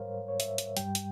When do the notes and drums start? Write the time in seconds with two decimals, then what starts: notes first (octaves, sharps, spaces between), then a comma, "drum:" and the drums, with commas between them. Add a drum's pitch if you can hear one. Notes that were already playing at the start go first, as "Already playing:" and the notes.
Already playing: G#2 G3 A#4 C5 C#5 F5
0.28 C#5
0.40 E5, drum: hi-hat
0.58 drum: hi-hat
0.77 G2 G3 G5, drum: hi-hat
0.95 drum: hi-hat